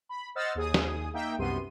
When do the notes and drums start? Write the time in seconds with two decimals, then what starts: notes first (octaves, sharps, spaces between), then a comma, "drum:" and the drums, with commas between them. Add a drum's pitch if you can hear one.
0.09 B5
0.35 C5 D#5 F#5 E6 F6 A6
0.55 D#2 G#4 D#6
0.74 drum: snare
1.13 A#3 D#4 E5 G5
1.38 C2 F#2 C3 B3 C6 D#7